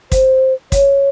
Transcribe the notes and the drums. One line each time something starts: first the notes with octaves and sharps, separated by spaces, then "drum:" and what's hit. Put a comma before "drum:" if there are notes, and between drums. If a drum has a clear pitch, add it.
C5, drum: kick, hi-hat
C#5, drum: kick, hi-hat